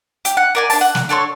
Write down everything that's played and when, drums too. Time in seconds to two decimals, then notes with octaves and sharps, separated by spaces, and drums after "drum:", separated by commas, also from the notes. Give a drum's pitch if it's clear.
0.25 G4, drum: hi-hat
0.37 F#5
0.55 A#4 D5 G#5
0.70 D4 A5, drum: open hi-hat
0.81 F#5
0.95 drum: snare
1.09 D4 A4 C#5 C6